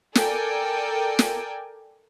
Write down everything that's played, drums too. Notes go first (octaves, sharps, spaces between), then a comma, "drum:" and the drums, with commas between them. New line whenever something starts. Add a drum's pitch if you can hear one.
A4 A#4 D5 G5 G#5, drum: snare
drum: snare